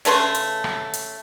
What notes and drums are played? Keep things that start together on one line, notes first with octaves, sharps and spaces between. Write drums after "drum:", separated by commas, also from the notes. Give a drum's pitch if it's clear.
C#3 A3 B4 C6, drum: hi-hat
drum: hi-hat
drum: rim click
drum: hi-hat